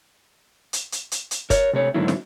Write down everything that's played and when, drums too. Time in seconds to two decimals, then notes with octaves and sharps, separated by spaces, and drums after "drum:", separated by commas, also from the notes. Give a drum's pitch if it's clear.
0.73 drum: hi-hat
0.92 drum: hi-hat
1.12 drum: hi-hat
1.31 drum: hi-hat
1.50 A#4 C#5, drum: kick F#1, hi-hat
1.73 C3 A3 C#5
1.94 G#2 D3 D#3 F#3 A#3 E4
2.08 drum: snare